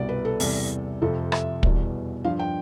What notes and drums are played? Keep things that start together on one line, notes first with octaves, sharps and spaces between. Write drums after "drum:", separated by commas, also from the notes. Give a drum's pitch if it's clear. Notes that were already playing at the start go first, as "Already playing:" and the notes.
Already playing: C2 B2 G3 D5
B4
A4
E2 C3 G3, drum: open hi-hat
F2 C3 F3 A4
E5, drum: rim click
E2 B2 G3, drum: kick
G2 F3 F5
G5